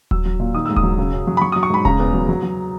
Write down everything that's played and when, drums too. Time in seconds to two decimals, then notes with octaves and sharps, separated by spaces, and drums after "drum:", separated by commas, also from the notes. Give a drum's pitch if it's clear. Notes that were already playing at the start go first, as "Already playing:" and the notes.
0.11 F#3 E6, drum: kick D#1
0.26 F#3
0.40 A#2
0.54 D#3 D#6
0.66 G#2 E6
0.76 D#6, drum: kick D#1
0.83 F#3
0.98 C#3
1.12 F#2
1.27 F#3
1.37 B5
1.41 F#3 C#6
1.52 D#6
1.56 F#3
1.63 C#6
1.70 G#2 B5
1.85 C#3 A#5, drum: kick D#1
1.99 E2
2.14 F#3
2.29 F#3
2.43 F#3